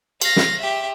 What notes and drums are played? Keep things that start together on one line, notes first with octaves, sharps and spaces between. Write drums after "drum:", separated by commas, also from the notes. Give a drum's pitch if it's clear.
F5 A#6, drum: cymbal
drum: snare
G4 E5